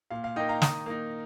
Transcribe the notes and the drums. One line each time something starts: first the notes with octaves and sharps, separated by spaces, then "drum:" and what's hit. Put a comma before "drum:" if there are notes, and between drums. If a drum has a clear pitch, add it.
A#2 F5
F5
A#3 D#4 D#5 G5
F5 A#5
D#3 A#5 D#6, drum: snare
A#3 D#4